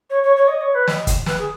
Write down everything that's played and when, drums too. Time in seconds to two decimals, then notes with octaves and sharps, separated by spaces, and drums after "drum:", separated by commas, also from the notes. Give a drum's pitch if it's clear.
0.10 C#5
0.23 C#5
0.36 C#5
0.48 D#5
0.61 C#5
0.74 B4
0.88 D#5, drum: snare
1.07 drum: kick, hi-hat
1.26 B4, drum: snare
1.38 G#4